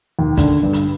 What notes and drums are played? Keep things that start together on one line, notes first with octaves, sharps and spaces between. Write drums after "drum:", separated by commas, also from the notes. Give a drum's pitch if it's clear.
D#2
D3, drum: kick, hi-hat
G2
drum: hi-hat